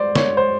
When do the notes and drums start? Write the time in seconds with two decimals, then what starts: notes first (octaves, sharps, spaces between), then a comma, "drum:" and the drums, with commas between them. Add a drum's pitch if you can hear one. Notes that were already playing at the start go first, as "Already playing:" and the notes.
Already playing: C5 D5
0.15 C#5, drum: snare
0.37 C5